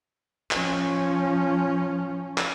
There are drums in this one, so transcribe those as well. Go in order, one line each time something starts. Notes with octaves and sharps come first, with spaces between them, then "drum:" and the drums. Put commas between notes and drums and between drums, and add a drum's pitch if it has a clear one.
F3 C#4, drum: clap
drum: clap